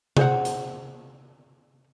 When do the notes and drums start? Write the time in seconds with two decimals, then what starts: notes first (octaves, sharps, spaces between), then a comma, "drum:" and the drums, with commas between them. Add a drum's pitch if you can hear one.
0.17 G#4 C5 F#5, drum: tom C3
0.45 drum: hi-hat